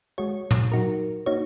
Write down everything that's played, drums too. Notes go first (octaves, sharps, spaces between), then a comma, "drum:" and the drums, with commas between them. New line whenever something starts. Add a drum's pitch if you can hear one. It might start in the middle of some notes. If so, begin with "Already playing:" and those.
G#3 F#4 C#5
drum: tom
F#3 D#4 F#4 A#4
A#3 D#4 F#4 C#5